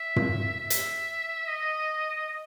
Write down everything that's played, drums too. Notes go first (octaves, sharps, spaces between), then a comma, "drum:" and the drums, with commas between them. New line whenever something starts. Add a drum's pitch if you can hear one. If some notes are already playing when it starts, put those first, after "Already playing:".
Already playing: E5
drum: tom
E5
drum: hi-hat
D#5